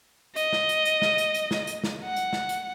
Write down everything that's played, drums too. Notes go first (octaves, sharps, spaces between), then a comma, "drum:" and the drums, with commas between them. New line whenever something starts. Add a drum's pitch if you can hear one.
D#5, drum: hi-hat
drum: snare
drum: hi-hat
drum: hi-hat
drum: snare
drum: hi-hat
drum: hi-hat
drum: snare
drum: hi-hat
drum: snare
F#5
drum: hi-hat
drum: snare
drum: hi-hat